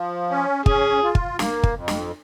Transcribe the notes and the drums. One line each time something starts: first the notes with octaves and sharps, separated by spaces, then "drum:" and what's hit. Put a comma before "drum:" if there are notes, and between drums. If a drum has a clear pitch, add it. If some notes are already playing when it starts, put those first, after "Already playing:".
Already playing: F3
C#4
C#4 G#4, drum: kick
F4
drum: kick
A#3, drum: snare
drum: kick
F2
drum: snare